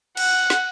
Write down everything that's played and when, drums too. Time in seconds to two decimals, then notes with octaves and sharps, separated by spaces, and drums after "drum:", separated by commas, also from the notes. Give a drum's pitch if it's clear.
0.17 F#5, drum: cymbal
0.50 drum: snare